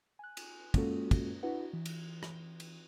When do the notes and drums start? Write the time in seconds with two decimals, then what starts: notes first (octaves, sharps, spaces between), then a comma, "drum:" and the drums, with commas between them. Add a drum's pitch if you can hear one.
0.19 G#5 F#6
0.37 drum: cymbal
0.74 G#3 A#3 C#4 F4 F#4 A4, drum: kick, cymbal
1.11 drum: kick, cymbal
1.43 D4 E4 F#4 B4 F#5
1.73 E3
1.86 drum: cymbal
2.23 drum: rim click
2.60 drum: cymbal